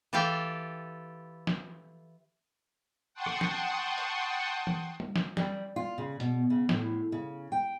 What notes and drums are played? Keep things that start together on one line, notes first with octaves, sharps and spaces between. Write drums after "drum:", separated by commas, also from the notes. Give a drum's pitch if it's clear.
E3 F4 G4 A4 F5 G5
drum: snare
F#5 G5 A5 C6 C#6 D#6
drum: rim click
drum: snare
drum: hi-hat
drum: tom E3
drum: tom
drum: snare
G3, drum: snare
F4
C#3
B2, drum: hi-hat
C#3
A2, drum: snare
C#3
G5